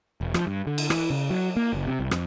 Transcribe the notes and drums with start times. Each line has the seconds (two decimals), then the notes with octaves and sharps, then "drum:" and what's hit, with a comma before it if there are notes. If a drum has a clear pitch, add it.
0.21 E1
0.34 F3, drum: rim click
0.47 G2
0.67 D3
0.78 drum: cymbal
0.90 E3, drum: rim click
1.10 C#3
1.30 F#3
1.56 A#3
1.73 F#1
1.87 C3
2.00 C2
2.11 F2, drum: rim click